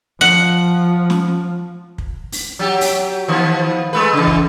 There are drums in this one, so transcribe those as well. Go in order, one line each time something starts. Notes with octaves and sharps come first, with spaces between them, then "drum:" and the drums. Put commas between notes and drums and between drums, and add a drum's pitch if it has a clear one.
F3 F#5
drum: snare
drum: kick
drum: open hi-hat
F#3 G4
drum: open hi-hat
D#3 F3 B3
G#3 A3 B4
C#3 E3
drum: kick